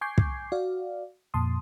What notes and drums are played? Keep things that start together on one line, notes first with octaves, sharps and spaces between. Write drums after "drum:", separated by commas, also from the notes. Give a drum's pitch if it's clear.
G#5 C#6 D6 G6 G#6 C7
drum: kick
F#4 D5 F5
F2 A#2 A5 C6 D#6